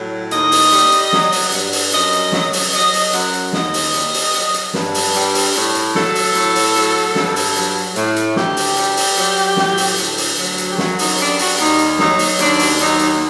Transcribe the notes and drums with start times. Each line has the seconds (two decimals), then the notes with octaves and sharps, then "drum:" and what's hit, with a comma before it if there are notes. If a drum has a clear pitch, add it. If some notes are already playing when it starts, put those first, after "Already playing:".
Already playing: A2 F#3
0.31 D#2 D#5, drum: hi-hat
0.52 drum: open hi-hat
0.72 G3, drum: hi-hat
0.92 drum: hi-hat
1.13 F#3, drum: snare
1.32 drum: open hi-hat
1.52 G2, drum: hi-hat
1.72 drum: open hi-hat
1.92 F#2 D#5, drum: hi-hat
2.13 drum: hi-hat
2.32 F#3, drum: snare
2.53 drum: open hi-hat
2.73 F#3 D#5, drum: hi-hat
2.93 drum: open hi-hat
3.13 F#2 F#5, drum: hi-hat
3.33 drum: hi-hat
3.53 D#2 D#5, drum: snare
3.74 drum: open hi-hat
3.94 G3, drum: hi-hat
4.14 drum: open hi-hat
4.34 F#3, drum: hi-hat
4.54 drum: hi-hat
4.74 G2, drum: snare
4.94 drum: open hi-hat
5.14 G3, drum: hi-hat
5.35 drum: open hi-hat
5.55 A2, drum: hi-hat
5.75 drum: hi-hat
5.95 F#3 A4, drum: snare
6.15 drum: open hi-hat
6.35 A2, drum: hi-hat
6.55 drum: open hi-hat
6.76 F#3, drum: hi-hat
7.15 G2, drum: snare
7.36 drum: open hi-hat
7.56 F#3, drum: hi-hat
7.96 A2, drum: hi-hat
8.16 drum: hi-hat
8.36 D2 G4, drum: snare
8.57 drum: open hi-hat
8.77 G3, drum: hi-hat
8.97 drum: open hi-hat
9.17 F#3, drum: hi-hat
9.37 drum: hi-hat
9.57 A2, drum: snare
9.77 drum: open hi-hat
9.98 D2, drum: hi-hat
10.18 drum: open hi-hat
10.37 F#3
10.58 drum: hi-hat
10.69 G4
10.78 F#2 F#4, drum: snare
10.99 D#4, drum: open hi-hat
11.18 G3 D4, drum: hi-hat
11.39 F#4, drum: open hi-hat
11.58 D#2 D#4, drum: hi-hat
11.79 drum: hi-hat
11.99 F#3 D#4, drum: snare
12.19 drum: open hi-hat
12.39 D#2 D4, drum: hi-hat
12.59 drum: open hi-hat
12.79 F#3 D#4, drum: hi-hat
12.99 drum: hi-hat